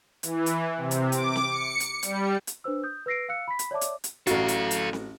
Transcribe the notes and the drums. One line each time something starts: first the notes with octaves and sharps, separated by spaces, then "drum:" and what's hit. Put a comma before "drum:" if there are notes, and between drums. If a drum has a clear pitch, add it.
E3, drum: hi-hat
drum: hi-hat
C3
drum: hi-hat
D6, drum: hi-hat
drum: snare C4
C#7
drum: hi-hat
G3, drum: hi-hat
drum: hi-hat
D4 B4 C5 E6
D#6 G6
B4 E6 A#6 C7 D7
F5 E6 F#6 C#7
B5 B6
drum: hi-hat
C#5 D5 E5 A5 D6
drum: hi-hat
drum: hi-hat
A1 F#4 A4 F5, drum: hi-hat
drum: hi-hat
drum: hi-hat
drum: snare C4